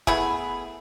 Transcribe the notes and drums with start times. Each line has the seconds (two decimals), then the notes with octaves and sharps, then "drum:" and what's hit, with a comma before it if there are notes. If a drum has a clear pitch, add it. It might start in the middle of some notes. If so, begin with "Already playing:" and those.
0.07 A3 B3 E4 G#4, drum: kick